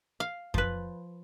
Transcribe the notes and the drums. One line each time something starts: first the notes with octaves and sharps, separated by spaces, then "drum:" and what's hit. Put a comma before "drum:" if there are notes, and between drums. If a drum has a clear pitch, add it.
F5
F3 B4, drum: kick F2